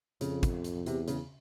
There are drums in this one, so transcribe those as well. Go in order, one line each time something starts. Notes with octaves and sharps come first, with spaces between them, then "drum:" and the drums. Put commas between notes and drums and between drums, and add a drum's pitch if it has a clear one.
F2 C#3, drum: hi-hat
drum: kick, hi-hat
drum: hi-hat
E2 C3, drum: hi-hat
C#3, drum: hi-hat